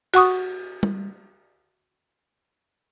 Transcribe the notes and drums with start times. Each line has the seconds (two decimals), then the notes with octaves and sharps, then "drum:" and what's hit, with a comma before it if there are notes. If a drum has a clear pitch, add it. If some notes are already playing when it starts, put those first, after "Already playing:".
0.14 F#4 F#5 C#6 D#6, drum: cymbal
0.83 drum: tom G3